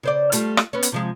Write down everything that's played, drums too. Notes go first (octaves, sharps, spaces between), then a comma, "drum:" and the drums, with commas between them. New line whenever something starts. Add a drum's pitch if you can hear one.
C#3 C5 D5
G3 A3 F4, drum: hi-hat
drum: rim click
B3 C#4
drum: hi-hat
C3 F3 G#3